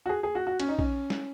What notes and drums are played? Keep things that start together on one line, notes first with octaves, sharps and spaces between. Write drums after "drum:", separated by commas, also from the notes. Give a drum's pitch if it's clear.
F#4
G#4
G#4
F#4
F#4
C#4, drum: cymbal
D#4
C#4, drum: kick A#1
drum: snare